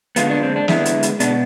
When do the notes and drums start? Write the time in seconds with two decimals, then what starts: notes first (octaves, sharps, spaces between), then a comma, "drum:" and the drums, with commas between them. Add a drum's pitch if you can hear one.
0.16 D3 G#3 B3 F4, drum: hi-hat
0.30 D4
0.43 C4
0.56 D4
0.68 D3 G#3 B3 E4, drum: snare
0.85 drum: hi-hat
1.03 drum: hi-hat
1.20 B2 B3 D4, drum: hi-hat